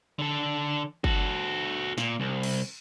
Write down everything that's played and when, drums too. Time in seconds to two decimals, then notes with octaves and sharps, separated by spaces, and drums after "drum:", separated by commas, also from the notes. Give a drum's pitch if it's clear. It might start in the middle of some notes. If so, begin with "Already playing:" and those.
0.19 D3 A4
1.04 F#4 A4, drum: kick
1.98 A#2, drum: snare
2.20 C2
2.43 drum: cymbal